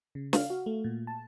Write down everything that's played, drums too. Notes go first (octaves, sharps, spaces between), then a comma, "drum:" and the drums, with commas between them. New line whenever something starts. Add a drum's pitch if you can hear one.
C#3
F5, drum: snare
F#4
A3
A#2
A5